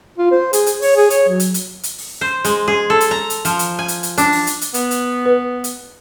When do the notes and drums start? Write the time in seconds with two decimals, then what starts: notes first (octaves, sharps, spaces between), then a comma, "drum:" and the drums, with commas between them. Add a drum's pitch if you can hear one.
0.18 F4
0.31 C5
0.53 G#4, drum: hi-hat
0.66 drum: hi-hat
0.82 C#5, drum: open hi-hat
0.96 G#4
1.10 C#5, drum: hi-hat
1.28 F#3
1.40 drum: hi-hat
1.54 drum: hi-hat
1.83 drum: hi-hat
1.98 drum: open hi-hat
2.21 C5
2.45 G#3, drum: hi-hat
2.68 G#4
2.90 A4
3.01 drum: hi-hat
3.11 A#5
3.30 drum: hi-hat
3.45 F3, drum: hi-hat
3.59 drum: hi-hat
3.79 G#5
3.88 drum: hi-hat
4.03 drum: hi-hat
4.18 D4, drum: hi-hat
4.32 drum: open hi-hat
4.47 drum: hi-hat
4.61 drum: hi-hat
4.74 B3, drum: hi-hat
4.91 drum: hi-hat
5.26 B4
5.64 drum: hi-hat